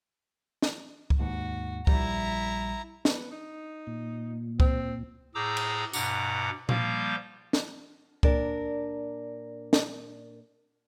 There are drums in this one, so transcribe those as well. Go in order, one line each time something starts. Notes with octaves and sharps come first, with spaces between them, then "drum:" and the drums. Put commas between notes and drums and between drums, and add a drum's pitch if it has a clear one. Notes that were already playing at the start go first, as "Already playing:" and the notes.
drum: snare
drum: kick C#2
D#2 G#2 F#4
A#1 G3 E4 A#5, drum: kick C#2
B3, drum: snare
D#4
A#2
C4, drum: kick C#2
A2 G#4 A#5 D6 E6 G6
drum: cymbal
G2 B2 F#5 A#5 D6, drum: tambourine
F3 G3 A#3 F5 G6, drum: tom A#2
drum: snare
A#2 D4 A#4, drum: kick C#2
drum: snare